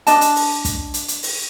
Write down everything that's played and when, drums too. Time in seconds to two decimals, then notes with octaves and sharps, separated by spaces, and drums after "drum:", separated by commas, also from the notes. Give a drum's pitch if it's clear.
0.07 D4 D#5 A5, drum: hi-hat
0.21 drum: hi-hat
0.36 drum: open hi-hat
0.65 drum: kick, hi-hat
0.94 drum: hi-hat
1.08 drum: hi-hat
1.23 drum: open hi-hat